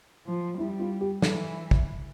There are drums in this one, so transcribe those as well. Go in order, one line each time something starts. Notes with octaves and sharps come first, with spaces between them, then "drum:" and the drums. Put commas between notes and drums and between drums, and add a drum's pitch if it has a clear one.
F3
G3 E4
F4
G4
E3 A4, drum: snare
drum: kick